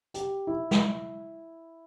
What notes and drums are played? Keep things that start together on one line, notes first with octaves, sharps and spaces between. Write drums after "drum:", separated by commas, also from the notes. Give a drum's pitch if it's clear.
G4, drum: hi-hat
E4
drum: snare